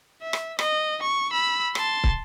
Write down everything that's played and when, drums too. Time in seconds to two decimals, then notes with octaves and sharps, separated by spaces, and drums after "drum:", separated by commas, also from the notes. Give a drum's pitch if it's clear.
0.22 E5
0.33 drum: rim click
0.59 D#5, drum: rim click
1.02 C#6
1.31 B5 E6
1.75 A5 C6, drum: rim click
2.04 drum: kick